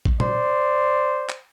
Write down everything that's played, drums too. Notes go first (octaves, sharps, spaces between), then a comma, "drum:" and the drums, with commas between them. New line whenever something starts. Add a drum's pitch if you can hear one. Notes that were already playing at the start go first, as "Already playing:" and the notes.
drum: kick A1
C5 D5, drum: tom
drum: clap